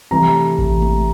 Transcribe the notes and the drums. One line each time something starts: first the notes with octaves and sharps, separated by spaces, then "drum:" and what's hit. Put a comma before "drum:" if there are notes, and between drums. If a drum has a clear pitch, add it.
C3 E3 A3 A#5
drum: kick A1
drum: tom G#3